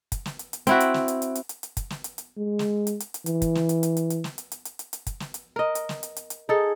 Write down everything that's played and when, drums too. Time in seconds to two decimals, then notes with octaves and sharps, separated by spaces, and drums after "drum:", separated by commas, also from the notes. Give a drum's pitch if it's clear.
0.12 drum: kick, hi-hat
0.26 drum: snare
0.39 drum: hi-hat
0.53 drum: hi-hat
0.67 C4 E4 F#4, drum: hi-hat
0.80 drum: hi-hat
0.94 drum: snare
1.08 drum: hi-hat
1.22 drum: hi-hat
1.35 drum: hi-hat
1.49 drum: hi-hat
1.63 drum: hi-hat
1.77 drum: kick, hi-hat
1.90 drum: snare
2.04 drum: hi-hat
2.18 drum: hi-hat
2.38 G#3
2.59 drum: snare
2.87 drum: hi-hat
3.00 drum: hi-hat
3.14 drum: hi-hat
3.26 E3, drum: hi-hat
3.42 drum: kick, hi-hat
3.55 drum: snare
3.69 drum: hi-hat
3.83 drum: hi-hat
3.97 drum: hi-hat
4.10 drum: hi-hat
4.24 drum: snare
4.38 drum: hi-hat
4.52 drum: hi-hat
4.65 drum: hi-hat
4.79 drum: hi-hat
4.93 drum: hi-hat
5.07 drum: kick, hi-hat
5.20 drum: snare
5.34 drum: hi-hat
5.56 A#4 D#5
5.75 drum: hi-hat
5.89 drum: snare
6.03 drum: hi-hat
6.17 drum: hi-hat
6.30 drum: hi-hat
6.49 D#4 G#4 A4